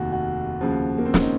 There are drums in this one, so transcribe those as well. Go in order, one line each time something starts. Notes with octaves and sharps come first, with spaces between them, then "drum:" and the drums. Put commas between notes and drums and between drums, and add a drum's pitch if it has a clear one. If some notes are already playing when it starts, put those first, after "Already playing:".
Already playing: F1 D#2 D#3 F#4
F#4
D#2 C#3 F3
A#3
C4
C#4, drum: snare
D#4